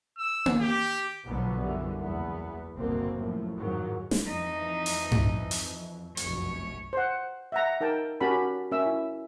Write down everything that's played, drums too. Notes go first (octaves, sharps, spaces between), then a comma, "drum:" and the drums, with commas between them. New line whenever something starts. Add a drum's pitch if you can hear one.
E6
drum: tom A#3
G4
B1 B2 D3 F3 F#3 B3
F#2 D3 E3 G3
F#1 E2 E3 B3
F#1 C2 B2 D3 A#3 C4
F#2 A2 F3
F2 G#2 D#3 F3 F#3
drum: snare
F2 E3 D#4
drum: open hi-hat
drum: tom G2
drum: open hi-hat
F1 B1 F#2 C#5, drum: hi-hat
C5 F#5
E5 F#5 A#5
D#4 A#4 G5 A5
C#4 F#4 G4 A#4 A5 B5
C#4 A#4 E5 E6
E4